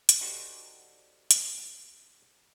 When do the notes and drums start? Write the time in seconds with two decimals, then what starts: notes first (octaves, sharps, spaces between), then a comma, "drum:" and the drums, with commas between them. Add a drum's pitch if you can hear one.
0.09 drum: hi-hat
0.21 D4 D#4 F#4 G4 A4 C5
1.31 drum: hi-hat